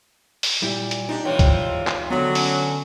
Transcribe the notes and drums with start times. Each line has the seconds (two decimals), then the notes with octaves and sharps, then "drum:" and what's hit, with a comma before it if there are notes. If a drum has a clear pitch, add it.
0.43 drum: open hi-hat
0.62 A#2 G3 E4
0.91 drum: hi-hat
1.09 D4 D#4 F4 G4
1.25 G#2 C3 E3 F4 C#5 G5
1.39 drum: kick C#2, hi-hat
1.87 drum: clap
2.10 D3 F#3 B3
2.35 C#4, drum: open hi-hat